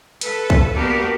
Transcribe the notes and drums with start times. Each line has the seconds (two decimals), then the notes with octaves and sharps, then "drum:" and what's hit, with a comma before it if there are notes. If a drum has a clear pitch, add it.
0.21 A4 B4, drum: hi-hat
0.50 drum: kick
0.73 A#3 B3 D4 F#4 G4 A#4